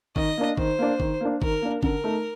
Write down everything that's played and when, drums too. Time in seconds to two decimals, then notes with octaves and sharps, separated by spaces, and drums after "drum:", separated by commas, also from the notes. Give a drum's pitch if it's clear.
0.16 D#3 D#5, drum: kick
0.38 A#3 D4
0.57 D#3 C5, drum: kick
0.79 A#3 D4
1.00 D#3, drum: kick
1.21 A#3 D4
1.42 D#3 A#4, drum: kick
1.62 A#3 D4
1.83 D3 A#4, drum: kick
2.04 A3 D#4